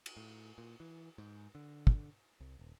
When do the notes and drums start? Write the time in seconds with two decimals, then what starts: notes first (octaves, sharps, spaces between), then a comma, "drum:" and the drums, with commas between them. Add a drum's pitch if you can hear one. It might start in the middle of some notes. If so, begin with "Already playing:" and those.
0.06 drum: cymbal
0.17 A2
0.58 A#2
0.80 E3
1.18 G#2
1.55 D3
1.87 drum: kick
2.40 C2
2.59 D#1